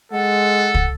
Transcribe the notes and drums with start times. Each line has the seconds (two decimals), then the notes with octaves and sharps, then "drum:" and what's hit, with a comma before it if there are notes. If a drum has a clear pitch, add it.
0.12 G#3 A4 F#5
0.74 drum: kick